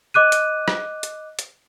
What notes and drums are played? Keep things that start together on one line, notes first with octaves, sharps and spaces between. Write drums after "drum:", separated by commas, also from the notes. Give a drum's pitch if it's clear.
D#5 D6 F#6 D#7
drum: hi-hat
drum: rim click
drum: hi-hat
drum: hi-hat